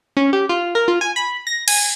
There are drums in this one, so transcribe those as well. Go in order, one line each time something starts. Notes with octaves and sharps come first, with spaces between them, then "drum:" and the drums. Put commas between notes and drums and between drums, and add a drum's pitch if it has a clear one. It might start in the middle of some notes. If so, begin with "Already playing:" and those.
C#4
G4
F4
A#4
F4
G#5
B5
A#6
G#5, drum: cymbal